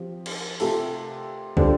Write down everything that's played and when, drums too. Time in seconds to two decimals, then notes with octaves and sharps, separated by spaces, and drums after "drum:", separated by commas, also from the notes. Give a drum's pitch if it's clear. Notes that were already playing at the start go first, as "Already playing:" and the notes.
Already playing: F3 C4 G4
0.26 drum: cymbal
0.60 C3 A3 F4 A4, drum: open hi-hat
1.57 D3 G3 D4 F4 C5, drum: kick